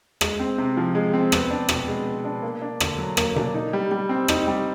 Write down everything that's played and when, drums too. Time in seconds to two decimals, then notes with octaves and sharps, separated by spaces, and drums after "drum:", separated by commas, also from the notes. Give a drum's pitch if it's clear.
0.21 G#3, drum: rim click
0.40 C4
0.58 C3
0.77 F3
0.95 G#3
1.13 C4
1.32 B3, drum: rim click
1.50 D4
1.69 B2, drum: rim click
1.87 G#3
2.06 B3
2.25 D4
2.43 A#3
2.62 D4
2.80 D3, drum: rim click
2.98 F#3
3.17 A#3, drum: rim click
3.36 D4, drum: tom B2
3.54 D#4
3.73 G3
3.91 G3
4.09 C4
4.28 D#4, drum: rim click
4.47 G3